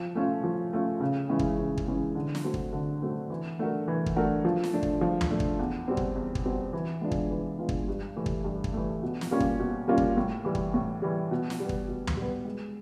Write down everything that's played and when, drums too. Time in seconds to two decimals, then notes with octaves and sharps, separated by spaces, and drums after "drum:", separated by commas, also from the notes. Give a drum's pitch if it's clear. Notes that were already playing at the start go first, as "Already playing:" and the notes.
Already playing: F3
0.15 A3 C#4 F4
0.43 F3
0.73 A3 C#4 F4
1.01 C#3
1.29 E3 G#3 C#4 E4
1.39 drum: kick
1.59 C#3
1.77 drum: kick
1.87 E3 G#3 C#4 E4
2.15 D3
2.35 drum: snare
2.44 F#3 A3 C4
2.54 drum: kick
2.73 D3
3.02 F#3 A3 C4
3.30 E3
3.59 A3 D4 F#4 A#4
3.88 E3
4.06 drum: kick
4.16 A3 D4 F#4 A#4
4.45 F3
4.64 drum: snare
4.73 A3 D4
4.83 drum: kick
5.01 F3
5.21 drum: tom
5.31 A3 D4
5.40 drum: kick
5.59 E2
5.88 B2 G3 C4
5.97 drum: kick
6.16 E2
6.35 drum: kick
6.45 B2 G3 C4
6.73 E3
7.01 G#3 B3 D4 F4
7.11 drum: kick
7.30 E3
7.59 G#3 B3 D4 F4
7.69 drum: kick
7.88 G2
8.16 E3 A3
8.26 drum: kick
8.44 G2
8.64 drum: kick
8.73 E3 A3
9.03 B2
9.21 drum: snare
9.31 G3 A#3 C#4 F4
9.40 drum: kick
9.60 B2
9.88 G3 A#3 C#4 F4
9.98 drum: kick
10.17 A2
10.45 E3 G3
10.55 drum: kick
10.74 A2
11.02 E3 G3
11.31 B2
11.50 drum: snare
11.60 G3 B3
11.69 drum: kick
11.88 B2
12.07 drum: tom
12.17 G3
12.22 B3
12.45 G#3